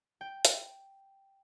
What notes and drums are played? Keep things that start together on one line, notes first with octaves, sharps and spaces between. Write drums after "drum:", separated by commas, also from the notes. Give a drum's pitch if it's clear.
G5
drum: hi-hat